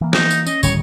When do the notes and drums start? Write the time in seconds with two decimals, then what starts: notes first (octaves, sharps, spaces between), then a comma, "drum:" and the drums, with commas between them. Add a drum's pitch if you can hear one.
0.01 E3 A#3
0.13 D#4, drum: snare
0.31 drum: tambourine
0.47 C#4 D#5, drum: tambourine
0.63 D1 D#3 G3 C#5, drum: tambourine